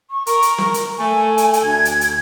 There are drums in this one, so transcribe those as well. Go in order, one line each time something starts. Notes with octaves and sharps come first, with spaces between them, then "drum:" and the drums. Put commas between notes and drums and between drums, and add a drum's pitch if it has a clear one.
C#6
A#4 C#6, drum: hi-hat
drum: hi-hat
drum: snare
drum: hi-hat
A3 G#5
drum: hi-hat
drum: hi-hat
D2 G#6
drum: hi-hat
drum: hi-hat